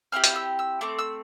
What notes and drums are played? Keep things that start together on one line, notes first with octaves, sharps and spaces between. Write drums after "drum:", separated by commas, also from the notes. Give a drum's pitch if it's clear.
C4 E4 G4 F6
drum: hi-hat
E6
E6
A3 C4 D6
E6